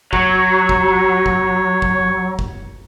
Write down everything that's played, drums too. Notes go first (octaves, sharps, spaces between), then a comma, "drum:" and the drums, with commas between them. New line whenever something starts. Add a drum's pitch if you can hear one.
F#3 C#5, drum: kick F1
drum: kick F1
drum: kick F1
drum: kick F1
drum: kick F1